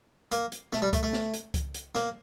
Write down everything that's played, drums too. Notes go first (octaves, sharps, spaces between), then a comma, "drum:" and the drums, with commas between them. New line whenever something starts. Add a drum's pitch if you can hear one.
A#3, drum: hi-hat
drum: hi-hat
A3, drum: snare
G3
A3, drum: kick C#2, hi-hat
A3
drum: snare
drum: hi-hat
drum: kick C#2, hi-hat
drum: hi-hat
A#3, drum: snare